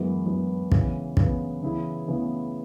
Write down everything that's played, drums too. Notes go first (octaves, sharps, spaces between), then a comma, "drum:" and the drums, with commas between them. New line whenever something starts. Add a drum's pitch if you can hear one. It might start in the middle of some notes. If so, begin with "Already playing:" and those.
Already playing: F#2 E3 G#3 B3 F#4
F#2 E3 G#3 B3 F#4
C#3 E3 B3, drum: kick
C#3 E3 B3, drum: kick
C#3 E3 B3 E4 G#4
C#3 E3 B3 E4 G#4